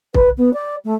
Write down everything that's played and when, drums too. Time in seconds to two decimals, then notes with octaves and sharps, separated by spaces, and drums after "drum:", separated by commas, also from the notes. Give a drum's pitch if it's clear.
0.14 B4, drum: kick
0.38 B3
0.54 D5
0.85 A3